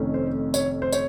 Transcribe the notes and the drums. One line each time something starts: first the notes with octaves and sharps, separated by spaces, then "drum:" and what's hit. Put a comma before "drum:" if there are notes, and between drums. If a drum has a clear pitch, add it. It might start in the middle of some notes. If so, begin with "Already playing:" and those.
Already playing: F1 F2 D#3 A3 C#4
C5
C#5, drum: tambourine
C5
C#5, drum: tambourine